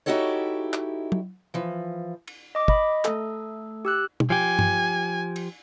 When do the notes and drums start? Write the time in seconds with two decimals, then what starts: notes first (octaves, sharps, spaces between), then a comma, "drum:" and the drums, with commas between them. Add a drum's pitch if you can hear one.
0.06 D#4 E4 F#4 G4 A4 C#5
0.73 drum: clap
1.12 drum: tom
1.54 E3 F3
2.28 drum: cymbal
2.55 D#5 D6
2.68 D#5 B5, drum: kick
3.05 A3 A4, drum: clap
3.85 G4 E6 F#6
4.20 drum: tom
4.30 F3 G4 G#5
4.59 drum: tom G2
5.36 drum: cymbal